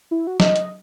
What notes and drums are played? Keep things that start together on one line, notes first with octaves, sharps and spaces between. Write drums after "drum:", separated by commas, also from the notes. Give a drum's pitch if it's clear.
E4
F#4
D#5, drum: snare
drum: hi-hat